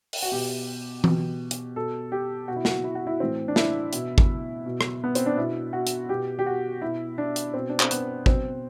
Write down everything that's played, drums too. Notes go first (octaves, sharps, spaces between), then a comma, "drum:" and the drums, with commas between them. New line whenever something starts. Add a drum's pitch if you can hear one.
drum: open hi-hat
F#4
B2 G4
B2, drum: tom E3
drum: hi-hat
B2 A4
G4
B2 F#4
E4
F#4, drum: snare
E4
F#4
E4
A2 E3 C4
D4
E4, drum: snare
B2, drum: hi-hat
drum: kick G#1
B2
drum: rim click
B3
C4, drum: hi-hat
D4
B2 E4
F#4
drum: hi-hat
B2 G4
G4
F#4
B2 E4
D4
drum: hi-hat
B2 C4
D4
C4, drum: clap
B3, drum: hi-hat
B2 C4, drum: kick G#1